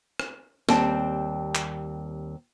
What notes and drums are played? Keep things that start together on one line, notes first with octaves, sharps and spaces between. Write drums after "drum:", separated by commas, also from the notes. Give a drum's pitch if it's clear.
drum: rim click
D#2 G3 C4 A5, drum: snare
drum: clap